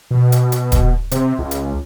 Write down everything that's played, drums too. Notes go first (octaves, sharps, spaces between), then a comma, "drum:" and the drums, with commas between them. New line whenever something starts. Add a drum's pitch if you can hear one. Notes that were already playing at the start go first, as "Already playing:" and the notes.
B2
drum: hi-hat
drum: hi-hat
drum: kick D#1, hi-hat
C3, drum: hi-hat
C#2
drum: hi-hat